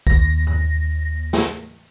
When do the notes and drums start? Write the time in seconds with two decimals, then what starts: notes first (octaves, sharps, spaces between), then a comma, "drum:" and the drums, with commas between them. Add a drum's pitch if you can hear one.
0.07 D#2 A#6, drum: kick
0.47 drum: tom G2
1.33 drum: snare